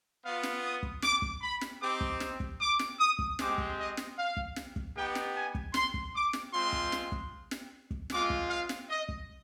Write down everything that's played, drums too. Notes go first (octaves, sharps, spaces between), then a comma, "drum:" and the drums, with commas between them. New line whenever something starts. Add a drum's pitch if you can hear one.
B3 F4 F5
drum: snare
D#6
drum: kick
D6, drum: snare
drum: kick
B5
drum: snare
C4 D#4 G4 D6
drum: kick
drum: snare
drum: kick
D6
drum: snare
D#6
drum: kick
G#3 C4 G4 D6, drum: snare
drum: kick
D#5
drum: snare
F5
drum: kick
drum: snare
drum: kick
B3 D#4 G4 G5
drum: snare
G#5
drum: kick
C6, drum: snare
drum: kick
D6
drum: snare
G#3 C4 F4 C6
drum: kick
drum: snare
drum: kick
drum: snare
drum: kick
G#3 C4 F4 D6, drum: snare
drum: kick
F5
drum: snare
D#5
drum: kick